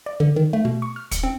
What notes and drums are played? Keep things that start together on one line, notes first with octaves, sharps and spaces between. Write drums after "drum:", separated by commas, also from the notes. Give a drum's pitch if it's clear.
D5
D3
D#3
A3
B2
C#6
F6
C#7, drum: kick, hi-hat
C4